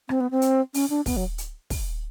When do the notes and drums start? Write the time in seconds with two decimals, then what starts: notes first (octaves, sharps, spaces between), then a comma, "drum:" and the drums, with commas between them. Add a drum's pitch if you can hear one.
0.09 C4, drum: rim click
0.20 B3
0.31 C4
0.42 drum: hi-hat
0.74 C#4, drum: open hi-hat
0.90 D4
1.06 B3, drum: kick, open hi-hat
1.17 F#3
1.38 drum: hi-hat
1.70 drum: kick, open hi-hat